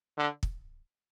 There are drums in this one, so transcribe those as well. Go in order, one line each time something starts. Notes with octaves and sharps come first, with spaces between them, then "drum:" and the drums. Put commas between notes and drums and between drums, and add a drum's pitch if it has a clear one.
D3
drum: kick